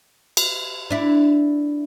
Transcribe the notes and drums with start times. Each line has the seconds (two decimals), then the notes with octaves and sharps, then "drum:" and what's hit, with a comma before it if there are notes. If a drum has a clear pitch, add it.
0.37 drum: cymbal
0.91 D4 E4